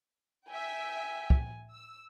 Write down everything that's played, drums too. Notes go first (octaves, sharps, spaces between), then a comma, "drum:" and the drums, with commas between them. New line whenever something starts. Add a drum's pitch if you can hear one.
E5 G5 G#5
drum: kick
E6